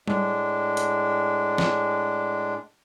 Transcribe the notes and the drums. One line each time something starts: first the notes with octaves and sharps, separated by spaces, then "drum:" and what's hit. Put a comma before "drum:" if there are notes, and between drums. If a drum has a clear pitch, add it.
A2 G#3 D4, drum: tom G3
drum: hi-hat
drum: snare